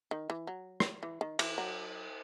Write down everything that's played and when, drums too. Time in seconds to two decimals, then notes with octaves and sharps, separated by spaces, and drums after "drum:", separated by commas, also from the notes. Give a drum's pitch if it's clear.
0.11 D#3
0.30 E3
0.47 F#3
0.80 drum: rim click
1.03 E3
1.21 D#3
1.39 E3, drum: cymbal
1.58 F#3